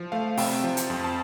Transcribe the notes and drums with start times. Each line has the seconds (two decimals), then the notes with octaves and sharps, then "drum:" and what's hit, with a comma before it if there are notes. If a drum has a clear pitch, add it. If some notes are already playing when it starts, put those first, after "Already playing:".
Already playing: F3
0.12 A3 F5
0.37 C3 G5, drum: open hi-hat
0.64 F3
0.77 drum: hi-hat
0.90 F2
1.04 A5